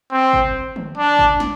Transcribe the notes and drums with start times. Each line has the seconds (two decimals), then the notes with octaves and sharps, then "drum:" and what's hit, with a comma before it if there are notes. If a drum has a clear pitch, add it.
0.12 C4
0.33 drum: kick G1
0.76 drum: tom
0.97 D4
1.19 drum: kick G1
1.40 drum: snare